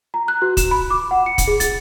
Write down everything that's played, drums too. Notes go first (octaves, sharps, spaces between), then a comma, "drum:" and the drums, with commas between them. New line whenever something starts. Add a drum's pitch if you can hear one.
A#5
F#6
F#4
E7, drum: kick, hi-hat
B5
D6
F#5
C#7
drum: kick, hi-hat
G#4
A6, drum: hi-hat